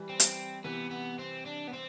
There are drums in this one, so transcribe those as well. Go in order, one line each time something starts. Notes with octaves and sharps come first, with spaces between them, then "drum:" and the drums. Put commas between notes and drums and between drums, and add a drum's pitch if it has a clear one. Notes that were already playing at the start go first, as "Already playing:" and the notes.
Already playing: E3 G3
C4
drum: hi-hat
C3 E3 B3
B3
C4
D4
B3
C4